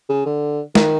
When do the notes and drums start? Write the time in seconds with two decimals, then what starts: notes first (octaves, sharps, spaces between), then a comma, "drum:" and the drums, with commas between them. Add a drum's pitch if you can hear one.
0.10 C#3
0.26 D3
0.75 D#3, drum: snare